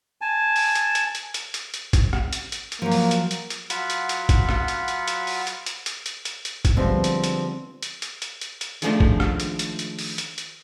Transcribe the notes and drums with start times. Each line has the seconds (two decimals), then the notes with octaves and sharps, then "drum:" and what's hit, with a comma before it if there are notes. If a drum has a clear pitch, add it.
0.21 G#5 A5
0.56 drum: open hi-hat
0.75 drum: hi-hat
0.95 drum: hi-hat
1.15 drum: hi-hat
1.34 drum: hi-hat
1.54 drum: hi-hat
1.74 drum: hi-hat
1.93 drum: kick G#1, hi-hat
2.13 drum: rim click
2.33 drum: hi-hat
2.52 drum: hi-hat
2.72 drum: hi-hat
2.82 F3 F#3 A#3
2.91 drum: open hi-hat
3.11 drum: hi-hat
3.31 drum: hi-hat
3.50 drum: hi-hat
3.70 F#3 F4 F#5 B5, drum: hi-hat
3.90 drum: hi-hat
4.09 drum: hi-hat
4.29 drum: kick G#1, hi-hat
4.49 drum: rim click
4.68 drum: hi-hat
4.88 drum: hi-hat
5.08 drum: hi-hat
5.27 drum: open hi-hat
5.47 drum: hi-hat
5.66 drum: hi-hat
5.86 drum: hi-hat
6.06 drum: hi-hat
6.25 drum: hi-hat
6.45 drum: hi-hat
6.65 drum: kick G#1, hi-hat
6.77 D3 F3 G3 G#3 B3 C4
7.04 drum: hi-hat
7.24 drum: hi-hat
7.83 drum: hi-hat
8.02 drum: hi-hat
8.22 drum: hi-hat
8.41 drum: hi-hat
8.61 drum: hi-hat
8.82 D#3 F3 G#3 A3 D4 F4, drum: hi-hat
9.00 drum: kick G#1
9.20 drum: rim click
9.40 drum: hi-hat
9.59 drum: hi-hat
9.79 drum: hi-hat
9.99 drum: open hi-hat
10.18 drum: hi-hat
10.38 drum: hi-hat